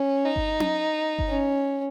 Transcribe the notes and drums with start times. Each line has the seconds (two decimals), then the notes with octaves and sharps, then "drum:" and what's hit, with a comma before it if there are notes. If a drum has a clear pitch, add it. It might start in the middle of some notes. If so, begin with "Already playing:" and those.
Already playing: C#4
0.25 D#4
0.36 drum: kick G1
0.60 drum: tom C#4
1.19 drum: kick G1
1.28 C#4